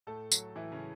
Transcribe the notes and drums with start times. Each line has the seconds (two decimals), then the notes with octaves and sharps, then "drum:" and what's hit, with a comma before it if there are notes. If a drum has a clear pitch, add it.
0.07 A2 A3 A4
0.32 F#3, drum: tambourine
0.56 A2 E3 E4
0.72 C#3 C#4